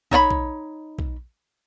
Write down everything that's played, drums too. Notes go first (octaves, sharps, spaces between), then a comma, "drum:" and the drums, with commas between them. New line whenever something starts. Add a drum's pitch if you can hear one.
D#4 C#5 D#5 B5, drum: kick
drum: kick
drum: kick